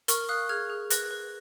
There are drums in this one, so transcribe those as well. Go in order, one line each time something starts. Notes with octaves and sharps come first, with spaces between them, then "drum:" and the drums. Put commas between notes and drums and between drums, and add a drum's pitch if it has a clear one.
A#4 C#6 F6, drum: hi-hat
F5 D#6 F#6
G#4 F6 G#6
G#4
B4 F#6 A#6, drum: hi-hat
B4